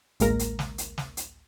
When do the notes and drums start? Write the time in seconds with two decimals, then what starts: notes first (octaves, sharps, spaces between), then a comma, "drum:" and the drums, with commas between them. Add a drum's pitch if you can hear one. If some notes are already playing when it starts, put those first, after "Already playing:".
0.20 A1 D2 G#3 A#3 A#4 A#6, drum: hi-hat
0.39 drum: hi-hat
0.59 drum: snare
0.78 drum: hi-hat
0.98 drum: snare
1.17 drum: hi-hat